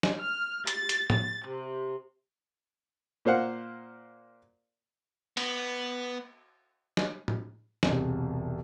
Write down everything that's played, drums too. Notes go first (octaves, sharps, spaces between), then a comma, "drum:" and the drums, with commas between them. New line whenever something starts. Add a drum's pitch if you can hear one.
drum: snare
F6
A6, drum: hi-hat
drum: hi-hat
A6, drum: tom
C3
A#2 A#3 C5 F5 F#5
B3, drum: cymbal
drum: snare
drum: tom
E1 C2, drum: snare